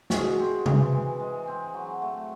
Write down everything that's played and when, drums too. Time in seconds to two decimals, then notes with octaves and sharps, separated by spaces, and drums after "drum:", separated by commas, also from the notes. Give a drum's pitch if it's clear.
0.10 G#3 F#4 G#4, drum: snare
0.39 C4
0.66 E3, drum: tom C3
0.92 E3
1.20 G#3
1.47 C4
1.74 F#3
2.02 A3